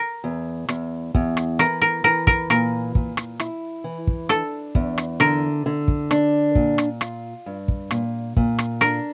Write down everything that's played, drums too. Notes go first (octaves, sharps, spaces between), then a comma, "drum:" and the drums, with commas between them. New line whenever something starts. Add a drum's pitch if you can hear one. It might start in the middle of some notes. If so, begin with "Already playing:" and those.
Already playing: A#4
E2
E2, drum: rim click
E2, drum: kick
drum: rim click
E3 A#4, drum: rim click
A#4
E3 A#4
A#4, drum: kick
A#2 A#4, drum: rim click
A#2, drum: kick
drum: rim click
E4, drum: rim click
E3
drum: kick
D4 A4, drum: rim click
E2, drum: kick
drum: rim click
D3 A#4, drum: rim click
D3
drum: kick
D4, drum: rim click
A#2, drum: kick
drum: rim click
F4, drum: rim click
G2
drum: kick
A#2, drum: rim click
A#2, drum: kick
drum: rim click
D4 A#4, drum: rim click